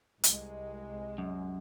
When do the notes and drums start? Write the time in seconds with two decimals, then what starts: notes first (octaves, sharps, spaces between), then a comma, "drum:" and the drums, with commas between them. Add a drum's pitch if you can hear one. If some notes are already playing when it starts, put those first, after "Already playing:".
0.24 C2 G#3, drum: hi-hat
1.18 F#2